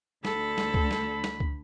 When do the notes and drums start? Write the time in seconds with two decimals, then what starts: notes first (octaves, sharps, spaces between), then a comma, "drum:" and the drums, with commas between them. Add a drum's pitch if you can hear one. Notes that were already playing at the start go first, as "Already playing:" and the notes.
0.25 D2 D3 A4 B5, drum: snare
0.58 drum: snare
0.74 drum: kick C#2
0.91 drum: snare
1.24 drum: snare
1.40 drum: kick C#2